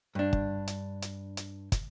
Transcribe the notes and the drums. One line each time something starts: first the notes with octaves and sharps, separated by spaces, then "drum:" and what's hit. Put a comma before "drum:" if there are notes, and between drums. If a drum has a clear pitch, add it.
G2 D4
drum: kick
drum: hi-hat
drum: hi-hat
drum: hi-hat
drum: kick, hi-hat